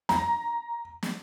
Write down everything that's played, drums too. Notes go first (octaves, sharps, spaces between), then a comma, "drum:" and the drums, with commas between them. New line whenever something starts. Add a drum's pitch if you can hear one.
A#5, drum: snare
drum: snare